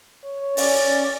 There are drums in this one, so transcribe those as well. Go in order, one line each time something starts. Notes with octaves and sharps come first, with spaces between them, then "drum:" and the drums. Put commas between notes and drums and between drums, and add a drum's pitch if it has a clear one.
C#5
C#4 D5, drum: open hi-hat